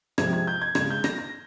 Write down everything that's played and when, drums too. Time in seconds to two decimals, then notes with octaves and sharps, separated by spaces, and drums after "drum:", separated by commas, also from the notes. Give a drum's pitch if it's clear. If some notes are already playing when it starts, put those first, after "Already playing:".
0.18 C3 F3 G#3 G#6, drum: rim click
0.33 G#6
0.47 G6
0.62 G#6
0.75 C#3 G#3 G#6, drum: rim click
0.90 G6
1.04 A#6, drum: rim click
1.18 A#6